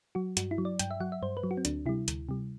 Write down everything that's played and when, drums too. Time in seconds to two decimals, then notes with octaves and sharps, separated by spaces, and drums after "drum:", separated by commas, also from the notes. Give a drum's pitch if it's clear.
0.15 F#3 F#4
0.37 G2 F#4, drum: hi-hat
0.51 E4
0.58 F#3
0.65 D5
0.79 G2 G5, drum: hi-hat
0.91 E5
1.00 F#3 F#5
1.12 E5
1.22 G2 C5
1.37 B4
1.44 F#3
1.51 F#4
1.57 C4
1.65 D2 D4, drum: hi-hat
1.86 C3 G3 E4
2.08 D2, drum: hi-hat
2.29 C3 G3